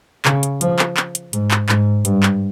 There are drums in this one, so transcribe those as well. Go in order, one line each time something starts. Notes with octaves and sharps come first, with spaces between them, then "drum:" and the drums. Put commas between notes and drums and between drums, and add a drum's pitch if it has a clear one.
C#3, drum: clap
drum: hi-hat
F3, drum: hi-hat
drum: clap
drum: clap
drum: hi-hat
G#2, drum: hi-hat
drum: clap
G#2, drum: clap
G2, drum: hi-hat
drum: clap